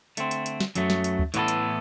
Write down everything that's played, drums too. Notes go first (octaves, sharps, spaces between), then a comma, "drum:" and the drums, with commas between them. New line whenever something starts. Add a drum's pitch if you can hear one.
D3 A3 C4, drum: hi-hat
drum: hi-hat
drum: hi-hat
drum: snare
F#2 F#3 A3, drum: hi-hat
drum: snare
drum: hi-hat
drum: kick
A2 E3 B3 F#4 A4, drum: hi-hat
drum: hi-hat